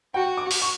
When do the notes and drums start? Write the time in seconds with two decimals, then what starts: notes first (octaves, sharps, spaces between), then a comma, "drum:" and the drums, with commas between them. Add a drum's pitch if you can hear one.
0.14 F#4 G5
0.37 D6
0.51 drum: open hi-hat
0.62 C#6